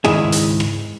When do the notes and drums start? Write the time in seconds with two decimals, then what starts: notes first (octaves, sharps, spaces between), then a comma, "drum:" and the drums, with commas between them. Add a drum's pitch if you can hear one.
0.05 C#2 G#2 D#3 G#3 E4 G#4, drum: rim click
0.32 drum: hi-hat
0.60 drum: rim click